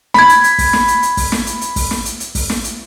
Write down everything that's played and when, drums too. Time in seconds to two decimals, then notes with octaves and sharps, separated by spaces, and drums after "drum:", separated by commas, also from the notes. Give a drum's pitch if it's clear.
0.14 B5 G#6, drum: snare
0.29 drum: hi-hat
0.44 drum: hi-hat
0.58 drum: kick, open hi-hat
0.73 drum: snare
0.88 drum: hi-hat
1.03 drum: hi-hat
1.17 drum: kick, open hi-hat
1.32 drum: snare
1.47 drum: hi-hat
1.61 drum: hi-hat
1.76 drum: kick, open hi-hat
1.91 drum: snare
2.05 drum: hi-hat
2.20 drum: hi-hat
2.35 drum: kick, open hi-hat
2.50 drum: snare
2.64 drum: hi-hat